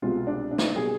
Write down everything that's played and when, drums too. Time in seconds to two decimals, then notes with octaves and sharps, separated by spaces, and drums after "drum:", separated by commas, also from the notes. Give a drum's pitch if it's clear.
0.02 C2 B2 G#3 F4
0.27 D4
0.51 D4
0.58 D#4, drum: snare
0.66 D4
0.76 B2 G3 G#4